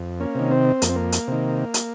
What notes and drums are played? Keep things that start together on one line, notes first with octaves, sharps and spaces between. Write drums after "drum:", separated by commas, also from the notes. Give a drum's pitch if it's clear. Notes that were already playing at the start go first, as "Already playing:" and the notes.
Already playing: F2
A#3 C#4
C3 D#3
C4
F2 A#3, drum: hi-hat
C4
A#3
drum: hi-hat
C3 D#3
drum: hi-hat